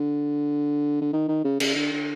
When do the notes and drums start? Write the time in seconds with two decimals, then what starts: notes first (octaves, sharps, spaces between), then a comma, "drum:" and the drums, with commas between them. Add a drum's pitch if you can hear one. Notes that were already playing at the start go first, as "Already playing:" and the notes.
Already playing: D3
1.01 D3
1.13 D#3
1.28 D#3
1.44 C#3
1.60 C#3, drum: cymbal
1.75 D3
1.92 D3